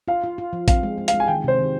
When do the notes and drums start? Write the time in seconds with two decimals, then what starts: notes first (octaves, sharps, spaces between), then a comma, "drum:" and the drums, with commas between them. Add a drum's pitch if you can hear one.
0.08 F4 F5
0.24 F4
0.38 F4
0.53 F3
0.68 C4 F5, drum: kick A1, hi-hat
0.83 G#3
0.98 G#3
1.08 F5, drum: hi-hat
1.13 G#3
1.20 G#5
1.28 D#3 G5
1.44 C3 C5
1.59 D#3